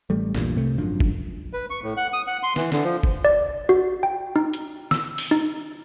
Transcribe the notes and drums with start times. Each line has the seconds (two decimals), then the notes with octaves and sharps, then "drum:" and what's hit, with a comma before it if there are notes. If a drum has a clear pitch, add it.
0.10 A1 G3 A3
0.35 A#1 E2 G2 A#2, drum: snare
0.56 C2 C3 A3
0.78 G#1 F#2 F3 D4
1.00 drum: kick G1
1.53 B4
1.70 C#6
1.82 A2
1.97 F#5
2.13 D#6
2.27 F#5
2.43 C6
2.56 E3, drum: snare
2.72 D3, drum: snare
2.84 F3
3.03 drum: kick G1
3.25 D5
3.69 F#4
4.03 G5
4.36 D#4
4.53 drum: hi-hat
4.91 E6, drum: snare
5.18 drum: open hi-hat
5.31 D#4